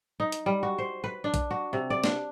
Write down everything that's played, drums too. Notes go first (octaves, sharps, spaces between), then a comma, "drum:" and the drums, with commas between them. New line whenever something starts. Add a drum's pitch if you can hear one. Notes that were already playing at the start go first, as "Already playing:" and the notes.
D#4
drum: hi-hat
G3
F#4
C5
B4
D4
drum: kick, hi-hat
F#4
C3
D5
D4, drum: snare